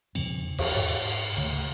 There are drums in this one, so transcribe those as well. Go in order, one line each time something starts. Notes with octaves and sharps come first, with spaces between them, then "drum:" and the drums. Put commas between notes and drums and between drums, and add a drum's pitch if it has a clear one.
E2 C#3 F3 C4, drum: cymbal
E2, drum: cymbal
G#2
D2 C#3 A3